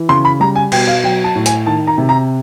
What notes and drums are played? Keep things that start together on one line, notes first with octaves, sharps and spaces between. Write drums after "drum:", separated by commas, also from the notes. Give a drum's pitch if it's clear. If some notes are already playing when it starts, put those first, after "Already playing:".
Already playing: E3
C#3 C6
B5
G3 A#5
G#5
B2 G5, drum: cymbal
F5
F#3 G5
A5
A2
G#5, drum: hi-hat
D#3 A5
A#5
C3
A#5